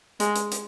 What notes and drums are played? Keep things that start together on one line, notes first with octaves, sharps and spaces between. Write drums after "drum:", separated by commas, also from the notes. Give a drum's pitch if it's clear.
G#3, drum: hi-hat
drum: hi-hat
drum: hi-hat